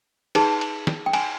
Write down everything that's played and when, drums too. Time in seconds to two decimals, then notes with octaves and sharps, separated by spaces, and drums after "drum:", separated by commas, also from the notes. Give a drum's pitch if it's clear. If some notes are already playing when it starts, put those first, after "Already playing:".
0.35 D#4 G#4 B4 A5, drum: cymbal
0.61 drum: cymbal
0.87 drum: snare
1.06 G5
1.13 G#5, drum: cymbal